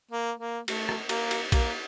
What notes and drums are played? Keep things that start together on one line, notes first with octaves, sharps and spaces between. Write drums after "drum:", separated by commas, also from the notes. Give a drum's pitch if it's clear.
A#3
A#3
A3, drum: cymbal
drum: rim click
A#3, drum: cymbal
drum: cymbal
A#3, drum: kick A#1, cymbal